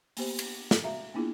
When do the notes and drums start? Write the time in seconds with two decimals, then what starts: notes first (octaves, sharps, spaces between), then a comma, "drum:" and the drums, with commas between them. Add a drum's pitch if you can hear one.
0.17 A#3 B3 G4 C5, drum: open hi-hat
0.39 drum: cymbal
0.71 drum: snare
0.84 F#4 E5 F5 A#5
1.14 A#3 B3 D4 E4 F4 G#4